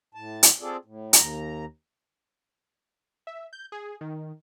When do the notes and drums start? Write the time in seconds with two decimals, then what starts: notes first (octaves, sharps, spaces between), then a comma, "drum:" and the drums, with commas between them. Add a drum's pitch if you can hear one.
0.15 A2 A5
0.43 drum: hi-hat
0.61 C4 F4 G#4 A4 D5
0.85 A2
1.13 D#2 A#5, drum: hi-hat
3.27 E5
3.53 G6
3.72 G#4
4.01 D#3